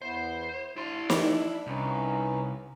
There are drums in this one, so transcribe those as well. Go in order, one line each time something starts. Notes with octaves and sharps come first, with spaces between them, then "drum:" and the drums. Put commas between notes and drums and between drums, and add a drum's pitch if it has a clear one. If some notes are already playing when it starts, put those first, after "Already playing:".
E2 B3 E4 C5
D4 E4 C6
drum: snare
C2 C#4 D#4 B4